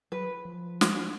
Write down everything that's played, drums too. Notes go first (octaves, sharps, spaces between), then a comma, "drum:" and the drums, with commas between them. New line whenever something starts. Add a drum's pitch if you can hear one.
F#3 B4
F3
drum: snare